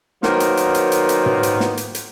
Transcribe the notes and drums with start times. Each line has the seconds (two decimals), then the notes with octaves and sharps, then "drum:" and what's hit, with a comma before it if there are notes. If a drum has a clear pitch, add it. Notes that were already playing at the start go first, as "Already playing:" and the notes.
0.23 D#3 F#3 A#3 B3 C5, drum: snare
0.40 drum: hi-hat
0.57 drum: hi-hat
0.74 drum: hi-hat
0.92 drum: hi-hat
1.09 drum: hi-hat
1.26 drum: tom
1.43 drum: hi-hat
1.60 drum: snare
1.77 drum: hi-hat
1.95 drum: hi-hat